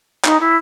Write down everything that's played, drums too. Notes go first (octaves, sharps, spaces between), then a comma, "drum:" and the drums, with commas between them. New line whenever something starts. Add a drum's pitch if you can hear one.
D#4, drum: clap
E4